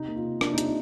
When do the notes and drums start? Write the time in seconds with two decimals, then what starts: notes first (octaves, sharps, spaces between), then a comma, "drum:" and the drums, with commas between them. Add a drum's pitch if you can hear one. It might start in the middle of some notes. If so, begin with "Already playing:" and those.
Already playing: C3 D#4
0.08 A#3
0.16 F4
0.24 C3
0.41 A#3 D4, drum: rim click
0.54 D#4
0.58 C3, drum: hi-hat
0.66 D#4